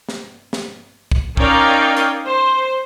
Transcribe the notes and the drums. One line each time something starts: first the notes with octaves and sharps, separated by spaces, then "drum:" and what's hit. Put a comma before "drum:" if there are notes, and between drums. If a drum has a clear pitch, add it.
drum: snare
drum: snare
drum: kick
C#4 D#4 A#4 D5 F5 G5, drum: kick
drum: hi-hat
C5